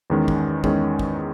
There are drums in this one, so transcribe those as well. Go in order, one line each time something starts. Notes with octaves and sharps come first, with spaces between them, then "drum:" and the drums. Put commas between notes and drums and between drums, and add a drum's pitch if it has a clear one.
E2 D#3 G#3 C#4
drum: kick
E2 D#3 G#3 C#4, drum: kick
drum: kick